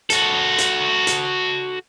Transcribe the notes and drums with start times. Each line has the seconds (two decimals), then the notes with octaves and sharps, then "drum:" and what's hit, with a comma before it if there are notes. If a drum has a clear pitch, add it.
0.10 F#4 A4, drum: hi-hat
0.58 drum: hi-hat
1.07 drum: hi-hat